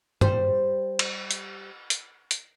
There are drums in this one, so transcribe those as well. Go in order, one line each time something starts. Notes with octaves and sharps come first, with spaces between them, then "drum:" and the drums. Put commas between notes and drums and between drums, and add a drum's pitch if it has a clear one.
G3 C5, drum: tom G2
drum: cymbal
drum: hi-hat
drum: hi-hat
drum: hi-hat